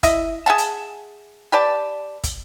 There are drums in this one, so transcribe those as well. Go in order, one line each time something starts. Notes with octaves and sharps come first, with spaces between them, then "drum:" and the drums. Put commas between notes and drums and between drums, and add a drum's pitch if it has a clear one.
E4 D#5 E5, drum: kick, hi-hat
G#4 E5 F#5 A5
drum: hi-hat
G4 B4 D5 A5
drum: kick, hi-hat